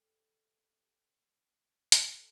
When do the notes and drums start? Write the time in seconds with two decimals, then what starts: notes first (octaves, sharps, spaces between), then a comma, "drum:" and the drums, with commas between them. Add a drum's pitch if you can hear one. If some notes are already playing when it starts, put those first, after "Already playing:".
Already playing: C3 G3 A3 C4 G4 A4
0.80 G4
1.92 D3 F3 C4 G4, drum: hi-hat
2.00 A4
2.08 G4
2.16 A4